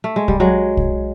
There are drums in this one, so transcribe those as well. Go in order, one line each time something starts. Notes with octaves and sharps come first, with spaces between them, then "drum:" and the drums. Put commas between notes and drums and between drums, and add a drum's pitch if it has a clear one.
A3
G#3
G3, drum: kick
F#3 G#3
drum: kick